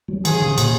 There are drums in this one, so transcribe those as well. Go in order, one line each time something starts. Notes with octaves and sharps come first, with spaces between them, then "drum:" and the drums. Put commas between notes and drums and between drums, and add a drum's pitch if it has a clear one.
F#3
D#3 G#4, drum: cymbal
C#3
A#2, drum: cymbal